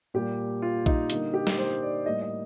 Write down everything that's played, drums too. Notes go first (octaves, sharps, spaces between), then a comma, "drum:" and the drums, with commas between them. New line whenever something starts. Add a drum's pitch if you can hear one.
A#2 G3 A#3 G4
F4
D#4, drum: kick A#1
D3 G3 A#3 D#4, drum: hi-hat
G4
drum: snare
C5
D5
A2 G3 A#3 D#5
D#5